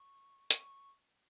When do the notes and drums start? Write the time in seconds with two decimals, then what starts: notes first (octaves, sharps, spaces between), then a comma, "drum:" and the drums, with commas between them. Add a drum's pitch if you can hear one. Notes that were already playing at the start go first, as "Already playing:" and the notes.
Already playing: C#6
0.51 C#6, drum: hi-hat